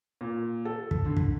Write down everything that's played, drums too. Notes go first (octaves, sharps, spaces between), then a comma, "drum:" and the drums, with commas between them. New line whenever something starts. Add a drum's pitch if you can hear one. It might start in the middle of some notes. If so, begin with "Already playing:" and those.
A#2
A4
drum: kick
D3
drum: kick